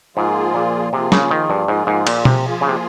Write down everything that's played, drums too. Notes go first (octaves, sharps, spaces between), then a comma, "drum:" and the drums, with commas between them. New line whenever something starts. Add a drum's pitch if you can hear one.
G#2 F3 A#3 F4 G#4
A#2
C3 F3 A#3 F4 G#4
C#3, drum: snare
D#3
G2
G#2 F3 A#3 F4 G#4
G#2
A#2, drum: cymbal
C3, drum: tom B2
F3 A#3 F4 G#4
C#3
C3